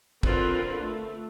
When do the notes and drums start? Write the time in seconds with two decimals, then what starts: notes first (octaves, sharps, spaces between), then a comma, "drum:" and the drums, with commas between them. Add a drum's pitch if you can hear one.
0.23 D3 C4 F4 A#4 B4, drum: kick
0.78 A3